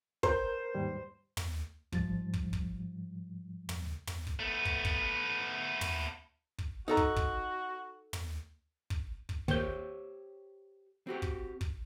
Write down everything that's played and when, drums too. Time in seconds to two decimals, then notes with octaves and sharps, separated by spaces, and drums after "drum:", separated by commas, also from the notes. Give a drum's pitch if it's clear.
0.23 A#4 C5 G6, drum: kick
0.75 D#2 G#2 G3
1.37 drum: tom
1.92 G#2 F3 G3 A6, drum: kick
2.34 drum: kick
2.53 drum: kick
3.69 drum: tom
4.07 drum: tom
4.27 drum: kick
4.39 A3 B3
4.65 drum: kick
4.85 drum: kick
5.81 drum: tom
6.58 drum: kick
6.88 D#4 F#4 A4 A#5
6.97 drum: kick
7.16 drum: kick
8.13 drum: tom
8.90 drum: kick
9.29 drum: kick
9.48 D#2 G4 C5 C#5 G6, drum: kick
11.07 C4 F#4 G4
11.22 drum: kick
11.61 drum: kick